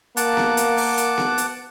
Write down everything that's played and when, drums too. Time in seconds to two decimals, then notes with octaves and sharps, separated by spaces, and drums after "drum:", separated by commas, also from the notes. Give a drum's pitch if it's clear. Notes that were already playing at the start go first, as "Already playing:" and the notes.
0.17 A#3 F#5 A5 D6, drum: hi-hat
0.37 drum: snare B3
0.57 drum: hi-hat
0.77 drum: open hi-hat
0.97 drum: hi-hat
1.18 drum: snare B3
1.38 drum: hi-hat